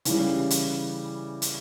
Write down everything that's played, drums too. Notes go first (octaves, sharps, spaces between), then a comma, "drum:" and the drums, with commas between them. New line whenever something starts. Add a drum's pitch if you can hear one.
C#3 E3 G3, drum: hi-hat
drum: hi-hat
drum: hi-hat